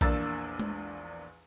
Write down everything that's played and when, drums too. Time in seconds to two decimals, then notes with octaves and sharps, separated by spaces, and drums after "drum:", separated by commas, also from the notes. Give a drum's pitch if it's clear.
0.01 A#1 E2 A#3 D4 E6 A6, drum: kick A#1
0.59 drum: tom G#3